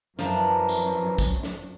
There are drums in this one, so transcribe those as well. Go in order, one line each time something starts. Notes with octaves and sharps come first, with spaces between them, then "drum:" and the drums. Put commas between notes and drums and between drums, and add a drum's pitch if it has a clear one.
F#2 E3 F3 D4 A#4, drum: snare
drum: tambourine
drum: kick, tambourine
drum: snare